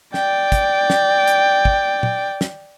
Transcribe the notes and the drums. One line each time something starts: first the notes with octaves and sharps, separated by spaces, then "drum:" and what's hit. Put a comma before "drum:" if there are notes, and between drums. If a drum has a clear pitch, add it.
D5 G5, drum: snare
drum: kick, hi-hat
drum: snare
drum: hi-hat
drum: kick
drum: tom A#2
drum: snare